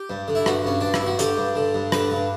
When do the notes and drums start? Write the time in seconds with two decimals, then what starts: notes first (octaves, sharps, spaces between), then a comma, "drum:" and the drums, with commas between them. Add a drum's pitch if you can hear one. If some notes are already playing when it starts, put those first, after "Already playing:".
Already playing: G4
0.10 G2
0.28 D3
0.35 E4
0.46 G2 F#4, drum: rim click
0.65 G2 C#4
0.81 G2 D4
0.94 E4, drum: rim click
1.01 G2
1.06 F#4
1.19 D3 G4, drum: hi-hat
1.38 G2
1.55 D3
1.74 G2
1.92 D3 B4, drum: rim click
2.11 G2